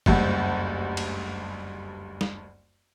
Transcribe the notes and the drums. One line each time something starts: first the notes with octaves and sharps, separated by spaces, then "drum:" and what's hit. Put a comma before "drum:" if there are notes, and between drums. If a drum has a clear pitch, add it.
F#1 D2 G2, drum: kick
drum: cymbal
drum: snare